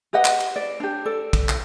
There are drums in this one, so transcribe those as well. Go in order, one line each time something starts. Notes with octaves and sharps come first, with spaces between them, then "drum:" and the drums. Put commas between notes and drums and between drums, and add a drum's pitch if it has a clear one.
G4 B4 D#5 F#5
drum: clap
drum: cymbal
D5
D4 G4
A4 D5
drum: kick, cymbal
drum: clap